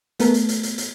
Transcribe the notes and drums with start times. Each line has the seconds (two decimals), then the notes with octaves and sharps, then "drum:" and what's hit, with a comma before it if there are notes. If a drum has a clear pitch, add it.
0.19 A3 B3 A4 A#4, drum: hi-hat
0.34 drum: hi-hat
0.49 drum: hi-hat
0.63 drum: hi-hat
0.78 drum: hi-hat